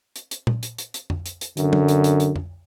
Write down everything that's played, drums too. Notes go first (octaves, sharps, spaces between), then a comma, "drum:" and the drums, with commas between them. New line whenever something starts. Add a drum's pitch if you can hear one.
drum: hi-hat
drum: hi-hat
drum: tom A#2
drum: hi-hat
drum: hi-hat
drum: hi-hat
drum: tom F2
drum: hi-hat
drum: hi-hat
F#2 D3, drum: hi-hat
drum: tom
drum: hi-hat
drum: hi-hat
drum: hi-hat
drum: tom F2